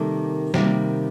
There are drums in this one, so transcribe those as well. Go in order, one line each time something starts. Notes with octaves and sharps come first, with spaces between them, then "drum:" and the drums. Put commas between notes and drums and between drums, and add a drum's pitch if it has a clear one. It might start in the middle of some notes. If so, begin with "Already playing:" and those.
Already playing: C3 D#3 G3 A#3 A4
C3 D#3 G3 A#3, drum: snare